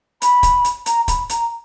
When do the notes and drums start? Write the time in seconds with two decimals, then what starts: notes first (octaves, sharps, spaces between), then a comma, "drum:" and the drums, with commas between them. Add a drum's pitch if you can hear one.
0.22 B5, drum: hi-hat
0.43 drum: kick, hi-hat
0.65 drum: hi-hat
0.86 A#5, drum: hi-hat
1.08 B5, drum: kick, hi-hat
1.29 A#5, drum: hi-hat